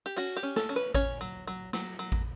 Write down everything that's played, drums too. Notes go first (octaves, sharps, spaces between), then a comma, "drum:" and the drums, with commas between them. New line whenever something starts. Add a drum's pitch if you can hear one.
G4
C#4 F#4, drum: hi-hat
G4
C#4
A4, drum: snare
C#4
B4
C#4 C#5, drum: kick A1, hi-hat
F#3
F#3
F#3, drum: snare
F#3
drum: kick A1